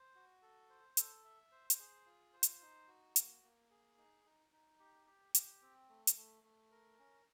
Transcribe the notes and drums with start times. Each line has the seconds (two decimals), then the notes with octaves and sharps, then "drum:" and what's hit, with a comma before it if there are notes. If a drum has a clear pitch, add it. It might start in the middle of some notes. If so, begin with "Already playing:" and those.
Already playing: C5
0.15 F#4
0.42 A4
0.70 C5
0.97 A4, drum: hi-hat
1.25 E5
1.52 C5
1.70 drum: hi-hat
1.79 G#4
2.06 F4
2.33 C5
2.43 drum: hi-hat
2.61 D#4
2.88 F#4
3.16 A#3, drum: hi-hat
3.43 A#3
3.71 G#4
3.98 D#4
4.25 D#4
4.52 D#4
4.80 G4
5.07 G4
5.35 G4, drum: hi-hat
5.62 C4
5.89 A3
6.07 drum: hi-hat
6.17 A3
6.44 A3
6.71 A#4
6.98 C#4